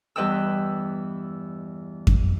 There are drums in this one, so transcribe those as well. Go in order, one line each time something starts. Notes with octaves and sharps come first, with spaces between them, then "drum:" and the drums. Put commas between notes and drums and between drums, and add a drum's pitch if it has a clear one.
E2 G2 B4 D#5 G5 E6
drum: kick F2